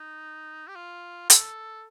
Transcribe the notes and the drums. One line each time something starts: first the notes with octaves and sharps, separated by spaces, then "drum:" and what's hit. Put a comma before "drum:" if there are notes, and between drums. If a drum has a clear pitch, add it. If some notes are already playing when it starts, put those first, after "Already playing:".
Already playing: D#4
G4
F4
A4, drum: hi-hat